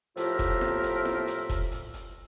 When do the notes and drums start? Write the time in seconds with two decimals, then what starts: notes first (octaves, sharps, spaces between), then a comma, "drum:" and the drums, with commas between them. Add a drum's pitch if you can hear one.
0.17 A2 F3 F4 G4 A#4 E5, drum: hi-hat
0.39 drum: kick F1, hi-hat
0.61 drum: snare E4
0.83 drum: hi-hat
1.05 drum: snare E4
1.27 drum: hi-hat
1.50 drum: kick F1, hi-hat
1.72 drum: hi-hat
1.94 drum: hi-hat